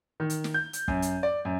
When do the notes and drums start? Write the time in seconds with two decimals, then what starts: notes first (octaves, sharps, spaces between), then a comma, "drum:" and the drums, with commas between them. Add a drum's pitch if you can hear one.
0.20 D#3
0.30 drum: hi-hat
0.44 drum: snare
0.54 G6
0.73 drum: hi-hat
0.88 F#2, drum: kick
1.02 drum: hi-hat
1.23 D5
1.45 F#2